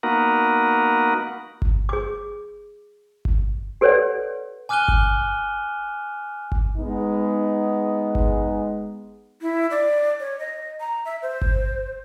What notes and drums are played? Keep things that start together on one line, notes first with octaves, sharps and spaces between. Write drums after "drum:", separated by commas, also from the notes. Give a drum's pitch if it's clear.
A#3 B3 D#4 F#4 A#4
drum: kick G1
G#4 D6
drum: kick G1
G4 A4 B4 C#5 D5 F#5
G#5 D6 F6 F#6 D#7 G7
drum: kick G1
drum: kick G1
G#3 B3 D#4
drum: kick G1
E4
D5
C#5
D#5
A#5
E5
C5
drum: kick G1